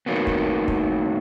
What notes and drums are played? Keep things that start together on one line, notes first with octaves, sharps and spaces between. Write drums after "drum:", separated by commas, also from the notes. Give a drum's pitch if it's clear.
A2 D#3 F#3 A#3 B3
drum: kick
drum: kick